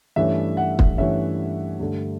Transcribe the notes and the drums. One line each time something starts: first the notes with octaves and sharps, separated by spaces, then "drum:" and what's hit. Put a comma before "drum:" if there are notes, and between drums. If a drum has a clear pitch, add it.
G2 E3 A3 C#4 E5
F#5
drum: kick
G2 E3 A3 C#4 E5
G2 D3 A3